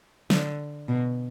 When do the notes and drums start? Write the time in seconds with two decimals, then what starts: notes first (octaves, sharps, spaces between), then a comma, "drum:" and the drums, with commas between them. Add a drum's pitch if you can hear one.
0.30 D3, drum: snare
0.88 B2